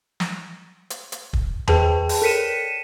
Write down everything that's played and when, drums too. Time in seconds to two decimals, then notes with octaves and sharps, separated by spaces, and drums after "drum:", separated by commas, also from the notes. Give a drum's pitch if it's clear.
0.20 drum: snare
0.90 drum: hi-hat
1.12 drum: hi-hat
1.33 drum: kick
1.68 G#4 B4 G5 A5, drum: tom E2
2.09 drum: open hi-hat
2.22 A4 A#4 B6 C#7 D#7 E7